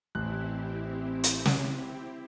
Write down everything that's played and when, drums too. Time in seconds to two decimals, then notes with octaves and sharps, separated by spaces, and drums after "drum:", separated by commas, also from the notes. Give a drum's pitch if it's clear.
0.15 A1 C4 E4 G4 F#6
1.24 drum: hi-hat
1.45 drum: snare